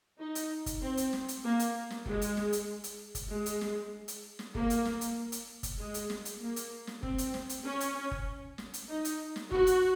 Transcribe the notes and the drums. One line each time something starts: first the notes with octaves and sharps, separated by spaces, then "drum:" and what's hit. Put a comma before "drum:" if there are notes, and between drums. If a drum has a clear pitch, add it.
D#4
drum: hi-hat
drum: kick, hi-hat
C4
drum: hi-hat
drum: snare
drum: hi-hat
A#3
drum: hi-hat
drum: snare
G#3, drum: kick
drum: hi-hat
drum: snare
drum: hi-hat
drum: hi-hat
drum: kick, hi-hat
G#3
drum: hi-hat
drum: snare
drum: hi-hat
drum: snare
A#3, drum: kick
drum: hi-hat
drum: snare
drum: hi-hat
drum: hi-hat
drum: kick, hi-hat
G#3
drum: hi-hat
drum: snare
drum: hi-hat
A#3
drum: hi-hat
drum: snare
C4, drum: kick
drum: hi-hat
drum: snare
drum: hi-hat
C#4
drum: hi-hat
drum: kick
drum: snare
drum: hi-hat
D#4
drum: hi-hat
drum: snare
F#4, drum: kick
drum: hi-hat